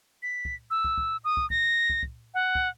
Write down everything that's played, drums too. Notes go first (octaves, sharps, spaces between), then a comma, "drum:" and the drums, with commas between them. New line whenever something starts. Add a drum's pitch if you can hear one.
B6
drum: kick
E6
drum: kick
drum: kick
D#6
drum: kick
A#6, drum: kick
drum: kick
drum: kick
F#5
drum: kick